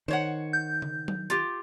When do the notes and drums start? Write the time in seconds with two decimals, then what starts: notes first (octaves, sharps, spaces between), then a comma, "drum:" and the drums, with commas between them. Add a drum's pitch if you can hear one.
0.08 D#3 C5 C#5 F#5
0.53 G6
0.82 drum: tom C#3
1.08 drum: tom F#3
1.30 F4 G4, drum: hi-hat